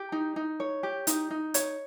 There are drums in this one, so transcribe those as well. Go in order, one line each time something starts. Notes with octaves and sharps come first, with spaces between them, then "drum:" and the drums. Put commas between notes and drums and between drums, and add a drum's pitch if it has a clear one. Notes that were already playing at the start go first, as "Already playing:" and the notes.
Already playing: G4
D#4
D#4
C#5
G4
D#4, drum: hi-hat
D#4
C#5, drum: hi-hat